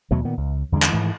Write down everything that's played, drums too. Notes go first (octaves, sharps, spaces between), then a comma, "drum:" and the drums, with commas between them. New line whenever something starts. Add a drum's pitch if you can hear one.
D#2 B2 F#3 A3
A#2 D#3 B3
C#2
E2 D3 G#3 D4
drum: clap
G#2 D#3 E3 A3